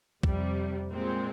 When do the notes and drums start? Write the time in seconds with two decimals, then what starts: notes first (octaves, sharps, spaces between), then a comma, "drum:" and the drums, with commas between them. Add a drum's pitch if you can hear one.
0.23 F2 C3 G3, drum: kick
0.91 A#2 G#3 C4